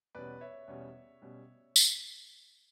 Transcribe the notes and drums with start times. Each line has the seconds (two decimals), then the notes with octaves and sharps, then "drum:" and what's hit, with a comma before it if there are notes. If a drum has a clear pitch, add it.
0.15 E2 B2 G3 C#4 B4 D5
0.41 C#5 E5
0.68 E2 B2 G3 C#4
1.22 B2 G3 C#4
1.76 drum: tambourine